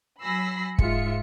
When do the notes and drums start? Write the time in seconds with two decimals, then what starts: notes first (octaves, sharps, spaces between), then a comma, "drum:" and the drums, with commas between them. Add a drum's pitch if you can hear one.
0.22 F#3 G#5 B5 E6 A#6 C7
0.78 G#2 G#3 F4 E5 C#7, drum: kick